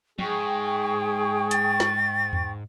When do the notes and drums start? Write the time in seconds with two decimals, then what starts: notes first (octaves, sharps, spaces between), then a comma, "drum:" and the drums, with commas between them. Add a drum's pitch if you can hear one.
0.19 G#2 G#4 G5 C#6, drum: tom F3
1.51 A6, drum: hi-hat
1.80 drum: snare
2.33 drum: tom E2